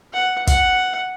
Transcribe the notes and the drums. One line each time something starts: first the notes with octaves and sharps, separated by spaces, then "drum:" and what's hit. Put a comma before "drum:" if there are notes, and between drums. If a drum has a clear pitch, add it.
F#5
F#5, drum: kick, hi-hat